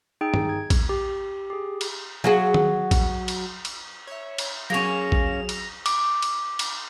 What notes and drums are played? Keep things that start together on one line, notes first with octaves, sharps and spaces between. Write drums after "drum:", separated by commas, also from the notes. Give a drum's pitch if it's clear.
D#4 G#4 G5
drum: tom
G#6
drum: kick A1, cymbal
G4
G4 G#4
drum: cymbal
F#3 F#4 G#4
drum: tom D#3
drum: kick A1, cymbal
drum: cymbal
drum: cymbal
C#5 E5
drum: cymbal
F#3 A#3 C#4 G#4 A#6 E7 F7
drum: kick A1
drum: cymbal
D6, drum: cymbal
drum: cymbal
drum: cymbal